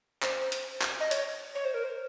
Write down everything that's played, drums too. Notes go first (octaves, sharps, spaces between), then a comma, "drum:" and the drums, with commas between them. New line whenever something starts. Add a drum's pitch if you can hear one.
C5, drum: clap
drum: hi-hat
drum: clap
D#5
C#5, drum: hi-hat
C#5
C5
A#4
C5